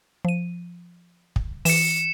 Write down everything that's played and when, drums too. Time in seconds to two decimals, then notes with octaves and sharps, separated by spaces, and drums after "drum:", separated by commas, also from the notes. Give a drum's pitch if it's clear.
0.25 F3 D#7
1.36 drum: kick
1.65 E3 C#7 E7, drum: open hi-hat